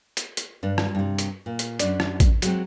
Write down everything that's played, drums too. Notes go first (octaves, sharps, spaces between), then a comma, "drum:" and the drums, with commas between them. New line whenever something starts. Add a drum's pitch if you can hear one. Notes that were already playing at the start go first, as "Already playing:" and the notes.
drum: hi-hat
drum: hi-hat
G2 D4
drum: rim click
G2 C3
drum: hi-hat
A#2
drum: hi-hat
F#2 D4 D5, drum: hi-hat
drum: rim click
drum: kick A1, hi-hat
F#3 G#3 C4, drum: hi-hat